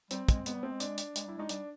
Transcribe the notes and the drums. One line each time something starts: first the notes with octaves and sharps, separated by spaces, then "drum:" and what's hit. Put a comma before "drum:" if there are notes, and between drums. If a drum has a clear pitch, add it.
G3 C4, drum: hi-hat
G#3, drum: kick, hi-hat
G#3 B3, drum: hi-hat
G3
A3 C4
G#3
D4, drum: hi-hat
drum: hi-hat
G#3, drum: hi-hat
G3 E4
G#3 D#4
G3 D4, drum: hi-hat